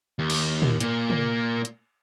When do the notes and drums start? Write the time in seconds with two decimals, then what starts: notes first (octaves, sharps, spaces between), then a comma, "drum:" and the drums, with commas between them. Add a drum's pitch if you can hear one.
0.19 D#2
0.30 drum: cymbal
0.62 drum: tom
0.80 A#2 A#3, drum: hi-hat
1.10 drum: tom
1.65 drum: hi-hat